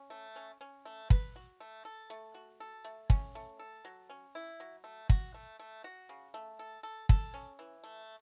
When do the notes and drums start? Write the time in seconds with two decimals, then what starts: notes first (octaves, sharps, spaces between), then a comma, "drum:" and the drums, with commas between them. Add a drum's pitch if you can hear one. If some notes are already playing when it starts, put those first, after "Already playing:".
Already playing: C#4
0.10 A3
0.36 C#4
0.61 C#4
0.85 A3
1.10 B4, drum: kick
1.36 F#4
1.60 A3
1.85 A4
2.10 A3
2.34 F#4
2.60 A4
2.85 A3
3.10 C#4, drum: kick
3.35 A3
3.59 A4
3.85 F#3
4.10 C#4
4.35 E4
4.60 F#3
4.84 A3
5.10 F#4, drum: kick
5.34 A3
5.59 A3
5.84 F#4
6.09 C#3
6.34 A3
6.59 A4
6.83 A4
7.09 A4, drum: kick
7.34 C#4
7.59 E3
7.84 A3